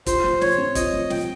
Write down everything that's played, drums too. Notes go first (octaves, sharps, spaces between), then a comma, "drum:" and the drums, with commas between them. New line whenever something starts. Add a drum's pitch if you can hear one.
F4 C5, drum: kick, hi-hat
F3
F3 C#5, drum: snare
C4
F4 D#5, drum: kick, hi-hat
F3
F3 G5, drum: snare